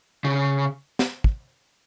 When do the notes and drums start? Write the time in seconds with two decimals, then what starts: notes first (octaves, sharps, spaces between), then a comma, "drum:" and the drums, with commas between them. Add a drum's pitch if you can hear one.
0.24 C#3
0.99 drum: snare
1.24 drum: kick